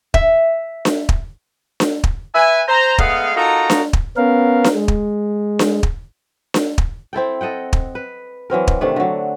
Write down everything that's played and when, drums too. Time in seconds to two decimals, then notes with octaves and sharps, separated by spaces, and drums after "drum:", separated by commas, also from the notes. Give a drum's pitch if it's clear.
0.14 E5, drum: kick
0.85 drum: snare D4
1.09 drum: kick
1.80 drum: snare D4
2.04 drum: kick
2.34 B4 E5 G#5
2.68 C5 A#5
2.98 G#3 A3 B3 D#5 F5, drum: kick
3.36 D#4 F4 F#4 A4 A#4 A#5
3.70 drum: snare D4
3.93 drum: kick
4.17 B3 C#4 A#4 F5
4.64 drum: snare D4
4.74 G#3
4.88 drum: kick
5.59 drum: snare D4
5.83 drum: kick
6.54 drum: snare D4
6.78 drum: kick
7.13 C4 E4 A4 G5
7.41 A4 D#5 F#5 G5
7.73 drum: kick
7.95 B4
8.50 E3 F#3 C4 A#4
8.68 drum: kick
8.81 C3 D#3 A3 D4
8.96 D3 F#3